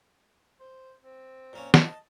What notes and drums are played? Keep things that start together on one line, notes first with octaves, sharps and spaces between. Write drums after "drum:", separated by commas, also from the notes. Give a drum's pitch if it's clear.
C5
C4
A#2 A#3 C#4
D#5 A5, drum: snare